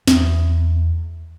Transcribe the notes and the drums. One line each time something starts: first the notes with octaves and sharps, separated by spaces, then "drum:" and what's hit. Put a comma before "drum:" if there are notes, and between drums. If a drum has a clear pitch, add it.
E2, drum: snare